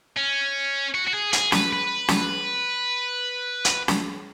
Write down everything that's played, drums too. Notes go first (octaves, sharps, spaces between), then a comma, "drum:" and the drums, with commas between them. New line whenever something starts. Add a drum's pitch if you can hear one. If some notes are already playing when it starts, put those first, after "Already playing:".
C#4
F#4
F#4
G#4
G#4, drum: hi-hat
B4, drum: snare
B4
drum: snare
drum: hi-hat
drum: snare